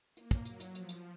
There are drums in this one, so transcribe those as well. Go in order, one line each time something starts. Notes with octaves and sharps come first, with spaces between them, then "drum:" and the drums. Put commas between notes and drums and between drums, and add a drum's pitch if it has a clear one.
A#3, drum: hi-hat
drum: kick, hi-hat
F#3, drum: hi-hat
drum: hi-hat
F3, drum: hi-hat
drum: hi-hat